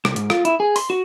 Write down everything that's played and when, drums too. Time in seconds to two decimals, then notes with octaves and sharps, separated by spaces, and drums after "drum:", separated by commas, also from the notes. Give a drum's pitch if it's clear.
0.05 C2, drum: rim click
0.16 G#2, drum: hi-hat
0.30 F4, drum: rim click
0.45 E4, drum: hi-hat
0.60 G#4
0.76 C6, drum: open hi-hat
0.90 F#4